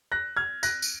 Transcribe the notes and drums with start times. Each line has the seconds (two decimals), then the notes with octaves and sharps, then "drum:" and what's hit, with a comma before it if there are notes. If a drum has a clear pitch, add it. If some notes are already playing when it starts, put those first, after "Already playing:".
0.12 F#6 A#6
0.37 F6 G#6
0.63 F#6 A#6, drum: tambourine
0.82 drum: tambourine